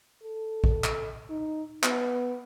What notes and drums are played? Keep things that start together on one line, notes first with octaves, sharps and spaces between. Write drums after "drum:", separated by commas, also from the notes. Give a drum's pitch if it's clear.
A4
drum: kick A1
drum: clap
D#4
B3, drum: clap